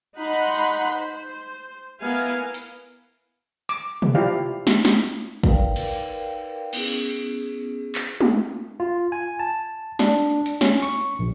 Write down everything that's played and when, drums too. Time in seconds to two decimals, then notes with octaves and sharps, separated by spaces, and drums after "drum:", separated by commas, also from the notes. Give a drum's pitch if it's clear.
0.16 D#4 F#5 B5 C6
0.93 C5
2.01 B3 E4 A#4 F5 G#5
2.54 drum: hi-hat
3.69 D6
4.02 drum: tom B2
4.15 E4 F4 G4 C5 D5 F5
4.67 drum: snare
4.85 drum: snare
5.43 D#4 A#4 B4 D5 F5 G5, drum: kick
5.76 drum: cymbal
6.73 B3 C#4 E4 G#4, drum: cymbal
7.95 drum: clap
8.21 drum: tom G#3
8.80 F4
9.12 G#5
9.39 A5
9.99 D4, drum: snare
10.46 drum: hi-hat
10.61 C#4, drum: snare
10.82 C#6, drum: hi-hat
11.19 A#1